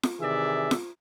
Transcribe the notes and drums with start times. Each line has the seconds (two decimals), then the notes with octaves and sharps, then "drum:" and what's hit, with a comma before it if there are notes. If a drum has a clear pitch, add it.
0.03 drum: snare F4
0.20 C3 D#3 E3 G#4 D5 E5
0.71 drum: snare F4